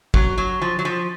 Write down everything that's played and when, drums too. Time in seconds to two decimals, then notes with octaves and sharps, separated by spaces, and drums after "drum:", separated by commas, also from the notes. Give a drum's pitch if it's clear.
0.14 F#3, drum: kick
0.38 F#3
0.62 F3
0.79 F#3
0.85 F3